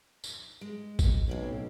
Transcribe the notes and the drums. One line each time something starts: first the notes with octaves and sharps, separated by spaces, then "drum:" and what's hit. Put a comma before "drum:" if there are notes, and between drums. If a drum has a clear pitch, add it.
drum: tambourine
G#3
drum: kick, tambourine
B1 A2 C4 C#4